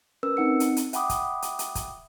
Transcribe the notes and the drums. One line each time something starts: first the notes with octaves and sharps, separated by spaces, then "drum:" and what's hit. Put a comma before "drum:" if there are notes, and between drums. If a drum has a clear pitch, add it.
C#4 A#4 B4 E6
C4 D#4 F#5 C#7
drum: hi-hat
drum: hi-hat
E5 F#5 G5 B5 D6 D#6, drum: hi-hat
drum: kick, hi-hat
drum: hi-hat
drum: hi-hat
drum: kick, hi-hat